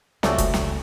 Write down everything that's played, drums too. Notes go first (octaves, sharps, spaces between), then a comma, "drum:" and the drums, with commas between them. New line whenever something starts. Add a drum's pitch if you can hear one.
C#2 F3 G3 A3 C4 C#4 F#4 D5, drum: snare
drum: kick, hi-hat
drum: snare